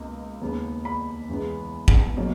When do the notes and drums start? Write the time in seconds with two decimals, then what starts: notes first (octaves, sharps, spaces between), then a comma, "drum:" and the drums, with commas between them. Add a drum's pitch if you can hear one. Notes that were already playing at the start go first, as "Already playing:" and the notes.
Already playing: C#2 B2 A#3
0.41 D#2 C#3 G#3 B3
0.85 B5
1.29 E2 C#3 G#3 B3
1.88 drum: kick
2.17 B2 F#3 A#3